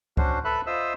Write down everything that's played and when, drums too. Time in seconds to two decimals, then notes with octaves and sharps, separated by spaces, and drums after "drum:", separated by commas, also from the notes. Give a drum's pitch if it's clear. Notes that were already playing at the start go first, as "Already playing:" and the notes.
0.17 C#4 D4 F#4 C5, drum: kick C#2
0.44 A4 B4 E5 B5 F#6
0.66 F4 C5 D#5 E5 E6